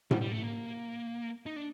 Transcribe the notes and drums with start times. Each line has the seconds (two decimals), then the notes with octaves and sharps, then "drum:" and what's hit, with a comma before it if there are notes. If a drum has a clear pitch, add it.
0.11 G3, drum: tom A2
0.21 G3
0.32 A3
0.43 A#3
1.46 D#4
1.56 D4